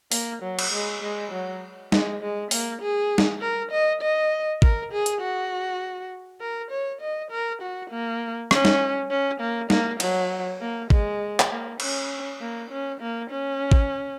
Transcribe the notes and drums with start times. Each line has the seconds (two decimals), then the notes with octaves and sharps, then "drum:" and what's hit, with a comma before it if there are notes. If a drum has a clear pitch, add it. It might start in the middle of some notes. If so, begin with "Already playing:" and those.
0.12 A#3, drum: open hi-hat
0.42 F#3
0.59 drum: cymbal
0.72 G#3
1.02 G#3
1.32 F#3
1.92 G#3, drum: snare
2.22 G#3
2.51 A#3, drum: open hi-hat
2.81 G#4
3.18 drum: snare
3.41 A#4
3.71 D#5
4.01 D#5
4.62 A#4, drum: kick G#1
4.92 G#4
5.06 drum: hi-hat
5.21 F#4
6.41 A#4
6.71 C#5
7.01 D#5
7.31 A#4
7.62 F#4
7.90 A#3
8.51 C#4, drum: rim click
8.65 drum: snare
9.10 C#4
9.40 A#3
9.70 A#3, drum: snare
10.00 F#3, drum: cymbal
10.61 A#3
10.90 G#3, drum: kick G#1
11.40 drum: clap
11.51 A#3
11.80 C#4, drum: cymbal
12.41 A#3
12.70 C#4
13.01 A#3
13.30 C#4
13.72 drum: kick G#1